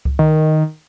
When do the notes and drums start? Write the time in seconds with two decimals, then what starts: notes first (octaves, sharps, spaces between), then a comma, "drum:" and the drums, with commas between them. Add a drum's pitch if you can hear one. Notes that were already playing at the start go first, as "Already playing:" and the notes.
0.05 drum: kick C#2
0.19 D#3